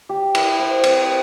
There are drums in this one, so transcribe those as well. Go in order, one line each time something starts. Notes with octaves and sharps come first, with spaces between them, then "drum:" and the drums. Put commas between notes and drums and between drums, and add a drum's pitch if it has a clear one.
G4
E4, drum: cymbal
C5
C4, drum: cymbal